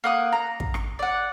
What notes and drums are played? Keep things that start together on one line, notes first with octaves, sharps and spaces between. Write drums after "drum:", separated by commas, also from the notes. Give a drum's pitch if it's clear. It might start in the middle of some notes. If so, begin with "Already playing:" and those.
A#3 F#5 D#6
A#5
drum: kick
drum: rim click
D5 F#5